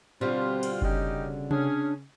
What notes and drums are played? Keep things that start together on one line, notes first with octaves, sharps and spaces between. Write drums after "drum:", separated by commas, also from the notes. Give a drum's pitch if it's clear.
B2 D3 G3 C4 F4 C5
drum: cymbal
C#3 C#4 D#4 G4, drum: kick F#1
C#4 D4 G#4, drum: tom C3